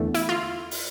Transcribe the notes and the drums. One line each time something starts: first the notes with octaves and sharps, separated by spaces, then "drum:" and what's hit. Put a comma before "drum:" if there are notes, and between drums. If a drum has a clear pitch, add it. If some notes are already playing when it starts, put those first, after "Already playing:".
Already playing: E2 D3 A3
E4, drum: hi-hat
F4
drum: open hi-hat